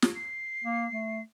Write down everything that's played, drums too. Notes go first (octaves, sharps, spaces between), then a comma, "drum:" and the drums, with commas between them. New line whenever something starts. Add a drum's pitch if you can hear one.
drum: snare
C7
A#3
A3